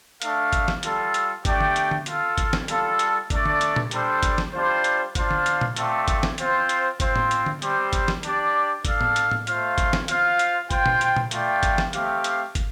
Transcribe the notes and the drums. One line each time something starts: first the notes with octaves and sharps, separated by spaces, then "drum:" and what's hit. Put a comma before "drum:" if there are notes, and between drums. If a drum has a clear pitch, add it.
A3 D4 A4 F5, drum: hi-hat
drum: kick, hi-hat
drum: snare
G3 F4 A4, drum: hi-hat
drum: hi-hat
A3 D4 G4 D5 G5, drum: kick, hi-hat
drum: tom D3
drum: hi-hat
drum: tom D3
F4 A4 F5, drum: hi-hat
drum: kick, hi-hat
drum: snare
G3 F4 A4 F5, drum: hi-hat
drum: hi-hat
A3 D4 A4 D5, drum: kick, hi-hat
drum: tom D3
drum: hi-hat
drum: tom A#2
G3 D4 A4 C5, drum: hi-hat
drum: kick, hi-hat
drum: snare
G3 D4 F4 C5
drum: hi-hat
D4 F4 C5 F5, drum: kick, hi-hat
drum: tom D3
drum: hi-hat
drum: tom A#2
A3 C4 F4 A4 D5, drum: hi-hat
drum: kick, hi-hat
drum: snare
C4 F4 C5, drum: hi-hat
drum: hi-hat
C4 F4 C5, drum: kick, hi-hat
drum: tom A2
drum: hi-hat
drum: tom D3
G3 C4 G4 C5, drum: hi-hat
drum: kick, hi-hat
drum: snare
D4 G4 D5, drum: hi-hat
D4 A4 F5, drum: kick, hi-hat
drum: tom A2
drum: hi-hat
drum: tom A2
A3 F4 C5 F5, drum: hi-hat
drum: kick, hi-hat
drum: snare
F4 C5 F5, drum: hi-hat
drum: hi-hat
F4 C5 G5, drum: kick, hi-hat
drum: tom A#2
drum: hi-hat
drum: tom A#2
A3 F4 D5 G5, drum: hi-hat
drum: kick, hi-hat
drum: snare
A3 C4 G4 F5, drum: hi-hat
drum: hi-hat
drum: kick, hi-hat